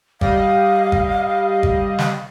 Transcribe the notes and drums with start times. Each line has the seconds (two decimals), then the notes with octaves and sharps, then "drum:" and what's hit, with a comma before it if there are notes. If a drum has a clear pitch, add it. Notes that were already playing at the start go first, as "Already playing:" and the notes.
0.21 G3 D#5 F5, drum: kick
0.92 drum: kick
1.63 drum: kick
1.98 drum: snare